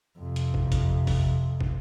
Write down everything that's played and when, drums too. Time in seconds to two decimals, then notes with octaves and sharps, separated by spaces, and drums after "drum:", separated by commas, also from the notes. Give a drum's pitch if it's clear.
0.18 F2 C3
0.36 drum: hi-hat
0.54 drum: kick
0.72 drum: kick, hi-hat
1.07 drum: kick, open hi-hat
1.61 drum: kick